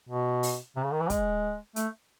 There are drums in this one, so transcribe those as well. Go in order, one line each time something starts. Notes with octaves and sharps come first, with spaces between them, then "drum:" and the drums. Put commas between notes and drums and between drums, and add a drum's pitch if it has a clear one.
B2
drum: open hi-hat
C3
C#3
D#3
E3
G#3, drum: kick, hi-hat
A3, drum: hi-hat